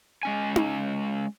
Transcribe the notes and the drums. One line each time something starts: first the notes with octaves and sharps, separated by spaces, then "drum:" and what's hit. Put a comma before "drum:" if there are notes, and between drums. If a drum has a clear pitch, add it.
G#3 C#4 G#5
drum: tom D#4